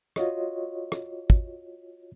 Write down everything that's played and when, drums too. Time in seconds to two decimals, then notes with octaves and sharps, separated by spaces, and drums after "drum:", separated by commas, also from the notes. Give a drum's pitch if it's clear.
0.16 F4 F#4 C#5 D#5, drum: rim click
0.92 drum: rim click
1.30 drum: kick